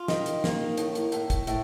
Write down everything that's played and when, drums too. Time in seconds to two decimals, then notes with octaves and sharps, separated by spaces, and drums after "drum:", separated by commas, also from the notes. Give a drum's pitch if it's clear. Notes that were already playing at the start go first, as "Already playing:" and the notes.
Already playing: F4
0.08 D#3, drum: snare
0.26 drum: hi-hat
0.44 A#3, drum: snare
0.77 A2, drum: hi-hat
0.95 drum: hi-hat
1.12 A2, drum: hi-hat
1.30 drum: kick, hi-hat
1.47 A2, drum: hi-hat